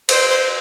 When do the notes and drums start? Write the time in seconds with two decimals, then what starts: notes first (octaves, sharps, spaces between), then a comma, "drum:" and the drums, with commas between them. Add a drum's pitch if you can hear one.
0.09 C5, drum: cymbal
0.29 C5